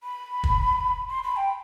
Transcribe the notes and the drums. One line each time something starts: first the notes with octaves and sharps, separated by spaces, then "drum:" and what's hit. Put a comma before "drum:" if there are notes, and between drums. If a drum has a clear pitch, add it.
B5
drum: kick
C6
B5
G5